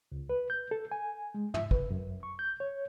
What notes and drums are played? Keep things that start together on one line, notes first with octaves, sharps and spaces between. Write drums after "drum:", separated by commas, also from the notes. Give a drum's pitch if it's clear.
C#2
B4
G6
A4
G#5
G#3
E5, drum: tom
B4, drum: kick
F#2
C#6
G6
C#5